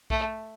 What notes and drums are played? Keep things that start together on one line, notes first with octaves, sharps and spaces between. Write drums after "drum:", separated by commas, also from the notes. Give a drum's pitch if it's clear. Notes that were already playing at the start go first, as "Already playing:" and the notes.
A3, drum: kick B1